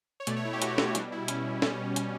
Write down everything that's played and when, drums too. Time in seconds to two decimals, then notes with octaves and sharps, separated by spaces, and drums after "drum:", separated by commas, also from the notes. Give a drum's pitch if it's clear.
0.20 C#5
0.27 B2 A3 D5, drum: hi-hat
0.36 C#5
0.45 E4
0.53 G4
0.62 F#4, drum: hi-hat
0.78 drum: snare
0.95 B2 G3 D4, drum: hi-hat
1.12 E4
1.28 C#4, drum: hi-hat
1.62 B2 G3 C#4, drum: snare
1.96 drum: hi-hat